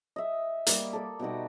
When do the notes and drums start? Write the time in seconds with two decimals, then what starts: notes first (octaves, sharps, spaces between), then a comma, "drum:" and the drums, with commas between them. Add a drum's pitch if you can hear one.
0.16 D#5 E5
0.67 G3 A#3, drum: hi-hat
0.93 A4 D5
1.19 B2 G3 D#4 F#4